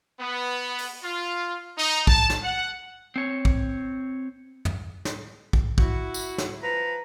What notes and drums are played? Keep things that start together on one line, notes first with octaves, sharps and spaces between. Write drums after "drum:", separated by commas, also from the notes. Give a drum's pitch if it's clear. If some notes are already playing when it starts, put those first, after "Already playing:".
B3
drum: open hi-hat
F4
D#4
A5, drum: kick
drum: snare
F#5
C4 C#5
drum: kick
drum: tom
drum: snare
drum: kick
E4 F#4, drum: kick
drum: tambourine
drum: snare
F3 B4 A#5